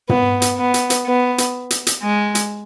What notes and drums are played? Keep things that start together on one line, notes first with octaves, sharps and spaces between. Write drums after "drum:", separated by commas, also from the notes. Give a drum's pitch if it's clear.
B3, drum: tom
drum: hi-hat
B3
drum: hi-hat
drum: hi-hat
B3
drum: hi-hat
drum: hi-hat
drum: hi-hat
G#3
drum: hi-hat